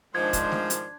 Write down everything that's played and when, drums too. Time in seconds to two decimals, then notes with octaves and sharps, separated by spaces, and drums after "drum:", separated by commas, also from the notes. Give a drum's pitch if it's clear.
0.15 G#2 D#3 F3 G#3 D4 C5 G#6
0.33 drum: kick, hi-hat
0.52 drum: snare A3
0.70 drum: hi-hat